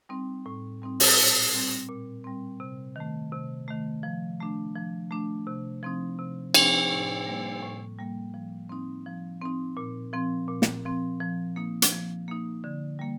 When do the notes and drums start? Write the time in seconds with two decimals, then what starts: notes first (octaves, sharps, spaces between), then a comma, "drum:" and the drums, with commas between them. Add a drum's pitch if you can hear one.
0.09 G3 C4 D#4
0.46 A2
0.82 G3 C4 D#4
1.00 drum: open hi-hat
1.18 A#2
1.54 G3 C4
1.89 A#2
2.24 G3 C4
2.60 C3
2.96 D#3 A3
3.32 C3
3.68 D#3 A3
4.03 F3
4.40 A3 D4
4.75 F3
5.11 A3 D4
5.47 C3
5.83 F3 C4 D#4
6.19 C3
6.54 F3 C4 D#4, drum: cymbal
6.91 A2
7.27 G3 A#3
7.62 A2
7.98 G3 A#3
8.34 F3
8.69 C4 D#4
9.06 F3
9.42 C4 D#4
9.77 A#2
10.13 F3 C4
10.48 A#2
10.62 drum: snare
10.85 F3 C4
11.20 F3
11.56 A#3 D#4
11.82 drum: hi-hat
11.92 F3
12.28 A#3 D#4
12.64 D3
12.99 G3 A#3